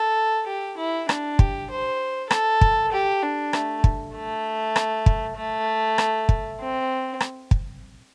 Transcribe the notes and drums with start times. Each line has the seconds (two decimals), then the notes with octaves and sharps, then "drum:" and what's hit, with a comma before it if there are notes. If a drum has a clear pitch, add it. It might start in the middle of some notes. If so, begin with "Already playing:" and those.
Already playing: A4
0.47 G4
0.77 E4
1.09 D4, drum: rim click
1.39 G4, drum: kick
1.70 C5
2.31 A4, drum: rim click
2.61 drum: kick
2.92 G4
3.23 D4
3.53 A3, drum: rim click
3.84 drum: kick
4.15 A3
4.76 drum: rim click
5.06 drum: kick
5.36 A3
5.98 drum: rim click
6.29 drum: kick
6.60 C4
7.21 drum: rim click
7.51 drum: kick